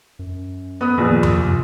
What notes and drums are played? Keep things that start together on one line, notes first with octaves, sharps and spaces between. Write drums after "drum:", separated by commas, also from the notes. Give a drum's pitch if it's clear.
F#2
B3 D#6
A#1 A#2 D#3
drum: tom F#2
C3